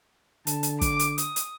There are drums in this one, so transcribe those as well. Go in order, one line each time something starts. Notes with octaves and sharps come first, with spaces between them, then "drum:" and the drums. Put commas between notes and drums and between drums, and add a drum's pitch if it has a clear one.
D3 A5, drum: hi-hat
drum: hi-hat
D6, drum: kick, hi-hat
drum: hi-hat
D#6, drum: hi-hat
drum: hi-hat